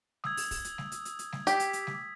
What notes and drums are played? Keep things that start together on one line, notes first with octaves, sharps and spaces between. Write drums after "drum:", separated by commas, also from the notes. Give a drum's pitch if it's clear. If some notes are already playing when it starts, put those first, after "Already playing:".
D#6 E6 G#6, drum: snare G3
drum: open hi-hat
drum: kick, open hi-hat
drum: hi-hat
drum: snare G3
drum: hi-hat
drum: hi-hat
drum: hi-hat
drum: snare G3
G4 B6, drum: hi-hat
drum: hi-hat
drum: hi-hat
drum: snare G3